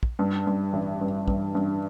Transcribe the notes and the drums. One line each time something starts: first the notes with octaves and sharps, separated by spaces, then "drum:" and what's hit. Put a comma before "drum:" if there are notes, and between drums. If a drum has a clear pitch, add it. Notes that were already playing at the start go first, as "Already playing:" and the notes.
drum: kick
G2
G2
A1
G2
G2, drum: kick
G2